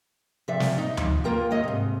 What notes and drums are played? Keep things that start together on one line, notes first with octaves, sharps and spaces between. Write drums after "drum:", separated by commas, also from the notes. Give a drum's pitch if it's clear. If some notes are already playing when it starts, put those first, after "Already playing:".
C3 F3 D5 E5
drum: snare
D#4
F3, drum: tom D2
A#3 F4 A#4 G5
D#2 C#5 D#5
G#2 C3